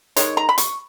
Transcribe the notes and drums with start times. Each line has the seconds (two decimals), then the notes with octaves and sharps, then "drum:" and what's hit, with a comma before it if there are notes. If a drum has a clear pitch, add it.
0.17 D#3 G#3 D#4 C#5, drum: hi-hat
0.37 A#5
0.49 B5
0.58 C#6, drum: hi-hat